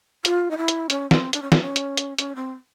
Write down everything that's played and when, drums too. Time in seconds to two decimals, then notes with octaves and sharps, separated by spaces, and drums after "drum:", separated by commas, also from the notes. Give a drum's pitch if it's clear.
0.25 F4, drum: hi-hat
0.51 D#4
0.57 E4
0.68 drum: hi-hat
0.90 C#4, drum: hi-hat
1.11 C4, drum: snare
1.33 D4, drum: hi-hat
1.42 C#4
1.52 C4, drum: snare
1.61 C#4
1.76 drum: hi-hat
1.97 drum: hi-hat
2.18 C#4, drum: hi-hat
2.36 C4